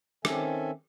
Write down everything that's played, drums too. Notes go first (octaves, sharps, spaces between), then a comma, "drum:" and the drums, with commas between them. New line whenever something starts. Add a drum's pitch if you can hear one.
D#3 C4 C#4 A4 E5 G#5, drum: rim click